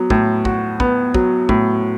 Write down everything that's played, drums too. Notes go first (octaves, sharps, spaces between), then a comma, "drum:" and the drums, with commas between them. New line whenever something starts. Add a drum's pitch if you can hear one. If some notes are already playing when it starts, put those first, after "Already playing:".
Already playing: F#3 B3
A2, drum: kick
F#4, drum: kick
B3, drum: kick
F#3, drum: kick
A2, drum: kick